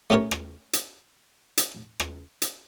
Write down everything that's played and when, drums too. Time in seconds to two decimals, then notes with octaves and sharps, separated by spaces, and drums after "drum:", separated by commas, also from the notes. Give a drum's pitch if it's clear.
0.10 A3 C#4 G4 A#4 C#5
0.31 drum: rim click
0.73 drum: hi-hat
1.57 drum: hi-hat
2.00 drum: rim click
2.42 drum: hi-hat